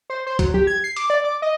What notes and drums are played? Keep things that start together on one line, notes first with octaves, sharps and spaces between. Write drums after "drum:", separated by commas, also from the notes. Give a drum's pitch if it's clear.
C5
C5
F#3, drum: kick, hi-hat
G4
G#6
C7
D6, drum: hi-hat
D5
D6
D#5